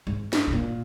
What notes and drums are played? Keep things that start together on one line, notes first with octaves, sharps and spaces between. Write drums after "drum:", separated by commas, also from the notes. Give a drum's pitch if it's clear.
G#2
drum: snare
C3
A#2